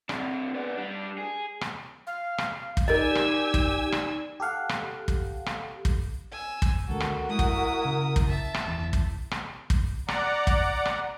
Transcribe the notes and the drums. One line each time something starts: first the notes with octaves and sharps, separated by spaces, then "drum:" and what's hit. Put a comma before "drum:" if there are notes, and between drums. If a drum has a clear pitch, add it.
C3 D4, drum: rim click
B3 D5
G3 D4
G#4
drum: rim click
F5
drum: rim click
drum: kick
D#4 G4 A#4 D5 D#5 G#5 E6
drum: rim click
drum: kick
drum: rim click
G4 A4 F5 F#5
drum: rim click
drum: kick
drum: rim click
drum: kick
G#5 E6
drum: kick
C#2 D3 F#4 A4 A#4
drum: rim click
G#3 E4 D#6
drum: kick
C#3
drum: kick
E5 A5
drum: rim click
F#1 E2
drum: kick
drum: rim click
drum: kick
D5 F#5 A#5, drum: rim click
drum: kick
drum: rim click